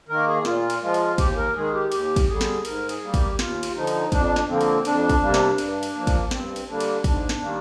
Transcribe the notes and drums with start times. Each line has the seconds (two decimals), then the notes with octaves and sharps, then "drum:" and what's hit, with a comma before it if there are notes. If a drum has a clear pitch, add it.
0.09 D#3 A#3 A#4
0.27 G#4
0.45 A#2 F4, drum: snare
0.70 drum: cymbal
0.82 F3 G#3 F4
0.94 drum: cymbal
1.18 D#2 G4, drum: kick, cymbal
1.37 A#4
1.55 D#3 G#3 G#4
1.74 G4
1.92 D#2 G4, drum: cymbal
2.16 drum: kick, cymbal
2.28 D3 G3 G#4
2.41 drum: snare
2.65 G#2 A#4, drum: cymbal
2.89 G#4, drum: cymbal
3.02 G3 A#3
3.14 G4, drum: kick, cymbal
3.39 D#2 F4, drum: snare
3.63 drum: cymbal
3.76 D3 F3 D#4
3.87 drum: cymbal
4.12 F2 D4, drum: kick, cymbal
4.36 drum: snare
4.48 D3 F3 A#3 C4
4.61 drum: cymbal
4.85 F2 D4, drum: cymbal
5.09 drum: kick, cymbal
5.22 C3 G3 A#3
5.34 drum: snare
5.58 G2, drum: cymbal
5.83 drum: cymbal
5.95 F3 A#3
6.07 drum: kick, cymbal
6.31 G2 C4, drum: snare
6.56 drum: cymbal
6.69 D3 G3 A#3 D4
6.80 drum: cymbal
7.04 G#2 D4, drum: kick, cymbal
7.29 drum: snare
7.42 D#3 G3 A#3